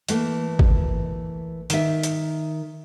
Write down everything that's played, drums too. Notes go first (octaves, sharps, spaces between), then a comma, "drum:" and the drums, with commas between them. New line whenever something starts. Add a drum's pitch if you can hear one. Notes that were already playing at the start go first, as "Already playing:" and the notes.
E3 A3 A#3, drum: hi-hat
drum: kick G#1
D#3 E5, drum: hi-hat
drum: hi-hat